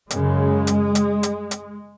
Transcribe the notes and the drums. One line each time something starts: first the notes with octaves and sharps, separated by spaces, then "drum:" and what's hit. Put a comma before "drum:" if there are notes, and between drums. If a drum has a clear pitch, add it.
F#2 C#3 G#3, drum: hi-hat
drum: hi-hat
drum: hi-hat
drum: hi-hat
drum: hi-hat